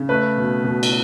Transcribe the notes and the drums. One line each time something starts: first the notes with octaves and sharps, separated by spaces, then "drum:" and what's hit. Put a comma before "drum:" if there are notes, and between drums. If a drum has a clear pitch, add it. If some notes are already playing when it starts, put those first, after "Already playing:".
Already playing: C#3
A3 B4
B2
B2
drum: cymbal